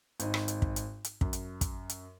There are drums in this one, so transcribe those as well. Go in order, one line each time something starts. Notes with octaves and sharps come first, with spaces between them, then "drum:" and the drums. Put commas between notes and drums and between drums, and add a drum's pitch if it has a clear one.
G#1 D#4, drum: hi-hat
drum: rim click
drum: hi-hat
drum: kick
drum: hi-hat
drum: hi-hat
F#2, drum: kick
drum: hi-hat
drum: kick, hi-hat
drum: hi-hat